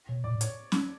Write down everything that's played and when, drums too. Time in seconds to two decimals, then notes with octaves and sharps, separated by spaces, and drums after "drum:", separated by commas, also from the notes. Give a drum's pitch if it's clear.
0.09 B2 C#5
0.24 A#2 D5
0.35 A2
0.41 C#5, drum: hi-hat
0.72 drum: snare